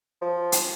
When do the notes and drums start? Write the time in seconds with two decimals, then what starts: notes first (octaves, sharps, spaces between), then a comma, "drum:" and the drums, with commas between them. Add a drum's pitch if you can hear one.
0.22 F3
0.52 drum: hi-hat